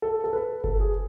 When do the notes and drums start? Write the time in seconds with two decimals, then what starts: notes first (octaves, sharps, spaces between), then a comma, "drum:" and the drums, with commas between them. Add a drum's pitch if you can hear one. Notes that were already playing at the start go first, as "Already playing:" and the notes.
0.02 A4
0.24 A4
0.33 B4
0.64 A4, drum: kick F#1
0.80 G#4